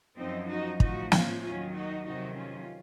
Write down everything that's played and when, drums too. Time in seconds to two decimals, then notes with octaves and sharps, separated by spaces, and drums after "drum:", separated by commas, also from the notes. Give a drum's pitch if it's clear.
0.17 F#2 F3 C4 D#4
0.48 D#4 F#4
0.80 A2 F3 D#4 F#4, drum: kick
1.12 C#4 F4, drum: snare
1.42 D#2 D#3 F#3 C#4 F4
1.74 D#4 F#4
2.06 F2 C3 D#3 F#3 D#4 F#4
2.36 C#4 F4